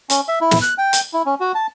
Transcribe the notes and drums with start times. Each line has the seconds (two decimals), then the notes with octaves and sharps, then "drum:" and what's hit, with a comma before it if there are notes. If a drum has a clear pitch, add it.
0.10 C#4, drum: hi-hat
0.28 E5
0.41 E4
0.51 drum: snare
0.62 F#6
0.78 G5
0.93 drum: hi-hat
1.13 E4
1.26 C#4
1.40 F#4
1.55 A5